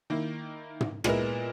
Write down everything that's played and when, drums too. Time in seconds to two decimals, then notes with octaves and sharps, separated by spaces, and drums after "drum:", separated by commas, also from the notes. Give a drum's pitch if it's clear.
0.10 D#3 A#3 E4
0.81 drum: tom
1.04 A#2 G#3 B3 E4 A#4, drum: rim click